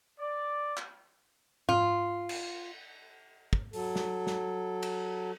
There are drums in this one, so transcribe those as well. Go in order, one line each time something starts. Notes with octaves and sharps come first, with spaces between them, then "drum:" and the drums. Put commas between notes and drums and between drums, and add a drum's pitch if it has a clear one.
D5
drum: clap
F4, drum: tom G#2
drum: cymbal
drum: kick
F#3 A4, drum: open hi-hat
drum: snare
drum: snare
drum: cymbal